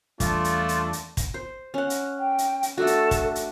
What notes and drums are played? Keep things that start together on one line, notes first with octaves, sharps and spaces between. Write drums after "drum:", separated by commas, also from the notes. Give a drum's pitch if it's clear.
E2 E3 G3 A3 D4 F4, drum: kick, hi-hat
drum: hi-hat
drum: hi-hat
drum: hi-hat
drum: kick, hi-hat
C5
C#4 F#5
drum: hi-hat
G5
drum: hi-hat
drum: hi-hat
A3 D4 F#4 A4
drum: hi-hat
drum: kick, hi-hat
drum: hi-hat